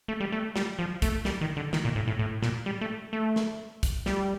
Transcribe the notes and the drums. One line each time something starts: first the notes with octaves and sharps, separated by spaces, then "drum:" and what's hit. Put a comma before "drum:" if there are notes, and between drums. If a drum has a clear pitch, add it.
A3
G3
A3
G3, drum: snare
F3
A3, drum: kick, hi-hat
G3, drum: snare
D#3
D3
D#3, drum: snare
A#2
A2
A2
A2
A#2, drum: snare
G3
A3
A3
drum: snare
drum: kick, hi-hat
G3, drum: snare